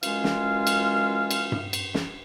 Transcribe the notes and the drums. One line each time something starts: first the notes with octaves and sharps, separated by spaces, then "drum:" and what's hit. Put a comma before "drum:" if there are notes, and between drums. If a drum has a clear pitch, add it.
F#2 E3 G#3 C#4 F4 F5, drum: cymbal
drum: snare
drum: cymbal
drum: cymbal
drum: tom G2
drum: cymbal
drum: snare